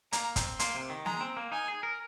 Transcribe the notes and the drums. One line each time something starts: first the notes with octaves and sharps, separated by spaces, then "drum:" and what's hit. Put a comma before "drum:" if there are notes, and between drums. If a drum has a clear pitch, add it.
A#3 A#5, drum: hi-hat
C4, drum: kick, hi-hat
A#3 C6, drum: hi-hat
C3
D#3
G#3 A#5, drum: snare
C4
A#3
D#4 G#5
G#4
A#4